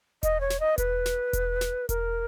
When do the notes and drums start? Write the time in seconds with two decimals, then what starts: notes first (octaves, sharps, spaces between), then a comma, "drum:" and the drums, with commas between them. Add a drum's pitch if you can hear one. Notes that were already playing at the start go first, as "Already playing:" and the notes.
0.23 D#5, drum: kick E1, hi-hat
0.41 C#5
0.50 drum: snare
0.60 D#5
0.78 B4, drum: kick E1, hi-hat
1.06 drum: snare
1.33 drum: kick E1, hi-hat
1.61 drum: snare
1.89 A#4, drum: kick E1, hi-hat